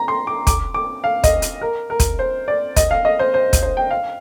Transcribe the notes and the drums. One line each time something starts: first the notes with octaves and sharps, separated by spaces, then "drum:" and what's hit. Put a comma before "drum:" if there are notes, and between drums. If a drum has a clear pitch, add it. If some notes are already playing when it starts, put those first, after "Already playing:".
Already playing: A#5
C6
D6
D6, drum: kick, hi-hat
D6
F5
D#5, drum: kick, hi-hat
drum: hi-hat
A#4
A#4
drum: kick, hi-hat
C5
D5
D#5, drum: kick, hi-hat
F5
D#5
C5
C5
drum: kick, hi-hat
C5
G5
F5